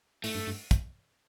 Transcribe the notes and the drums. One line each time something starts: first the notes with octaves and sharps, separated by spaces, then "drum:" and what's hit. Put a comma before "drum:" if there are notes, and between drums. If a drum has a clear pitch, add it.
A2 A3, drum: open hi-hat
G2
G2
drum: kick, hi-hat